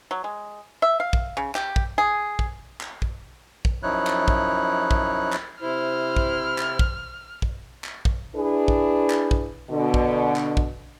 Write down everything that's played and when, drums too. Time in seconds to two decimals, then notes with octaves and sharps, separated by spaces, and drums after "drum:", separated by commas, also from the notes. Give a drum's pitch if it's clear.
0.11 F#3
0.24 G#3
0.82 E5
1.00 F5
1.13 drum: kick
1.37 C#3
1.55 G4, drum: clap
1.76 drum: kick
1.98 G#4
2.39 drum: kick
2.81 drum: clap
3.02 drum: kick
3.65 drum: kick
3.83 F#2 F3 D#4 E4 C#5 F#6
4.07 drum: clap
4.28 drum: kick
4.91 drum: kick
5.33 drum: clap
5.62 C3 E4 C5 F6
6.16 drum: kick
6.58 drum: clap
6.79 drum: kick
7.42 drum: kick
7.84 drum: clap
8.05 drum: kick
8.36 D4 E4 G#4 B4
8.68 drum: kick
9.10 drum: clap
9.31 drum: kick
9.71 B2 D3
9.94 drum: kick
10.36 drum: clap
10.57 drum: kick